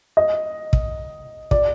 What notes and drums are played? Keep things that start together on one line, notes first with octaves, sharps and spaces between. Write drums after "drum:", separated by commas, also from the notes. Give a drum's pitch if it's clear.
D#5
drum: kick
D5, drum: kick